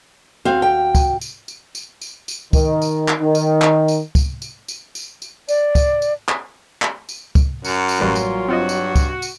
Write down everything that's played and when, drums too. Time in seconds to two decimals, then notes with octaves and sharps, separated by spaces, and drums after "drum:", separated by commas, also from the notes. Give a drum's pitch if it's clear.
0.45 D#2 C4 F#4 F5
0.62 G5
0.95 drum: kick, tambourine
1.21 drum: tambourine
1.48 drum: tambourine
1.75 drum: tambourine
2.01 drum: tambourine
2.28 drum: tambourine
2.53 D#3, drum: kick, tambourine
2.82 drum: tambourine
3.08 drum: clap
3.20 D#3
3.35 drum: tambourine
3.62 drum: clap
3.88 drum: tambourine
4.15 drum: kick, tambourine
4.42 drum: tambourine
4.68 drum: tambourine
4.95 drum: tambourine
5.22 drum: tambourine
5.48 D5, drum: tambourine
5.75 drum: kick, tambourine
6.02 drum: tambourine
6.29 drum: clap
6.82 drum: clap
7.09 drum: tambourine
7.35 drum: kick, tambourine
7.64 F#2 F#3 F#4, drum: tambourine
7.89 drum: tambourine
8.01 A1 A#2 F#3 G3 C#4 F4 B4
8.15 drum: tambourine
8.49 G2 C4 F4 F#4 D#5
8.69 drum: tambourine
8.95 drum: kick, tambourine
9.22 drum: tambourine